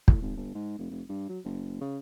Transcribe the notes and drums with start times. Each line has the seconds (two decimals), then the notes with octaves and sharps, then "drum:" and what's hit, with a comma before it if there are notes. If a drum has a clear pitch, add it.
0.08 A2, drum: kick
0.22 G#1
0.37 G1
0.55 G#2
0.78 F1
0.91 F1
1.09 G2
1.29 F#3
1.45 F#1
1.81 C#3